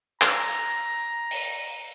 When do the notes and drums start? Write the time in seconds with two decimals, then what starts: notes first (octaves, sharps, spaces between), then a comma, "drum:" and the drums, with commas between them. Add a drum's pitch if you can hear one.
0.22 A#5, drum: clap
1.31 drum: open hi-hat